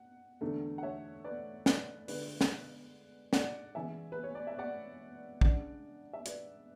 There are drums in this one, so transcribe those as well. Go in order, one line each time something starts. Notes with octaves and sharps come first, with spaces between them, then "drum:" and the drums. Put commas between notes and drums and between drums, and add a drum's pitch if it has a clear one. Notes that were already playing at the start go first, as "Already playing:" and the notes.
Already playing: F#5
E2 D3 A3 D4
F#5
C#5 E5
B4 D5
B4 D5, drum: snare
D3 G#3 B3 B4 D5, drum: open hi-hat
drum: snare
D5 F#5, drum: snare
C#3 E3 G#3 E5 G#5
B4
C#5
D5
E5
D5 F#5
C#3 G#3 D4 D5 F#5, drum: kick
E5
B4 D5, drum: hi-hat